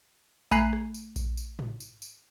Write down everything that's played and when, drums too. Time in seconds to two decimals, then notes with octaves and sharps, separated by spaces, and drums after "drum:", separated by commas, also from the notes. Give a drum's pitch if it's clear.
0.51 A3 G#5 A#5 B5 F#6 C7, drum: kick A#1, tambourine
0.73 drum: rim click
0.94 drum: tambourine
1.16 drum: kick A#1, tambourine
1.37 drum: tambourine
1.59 drum: tom
1.80 drum: tambourine
2.02 drum: tambourine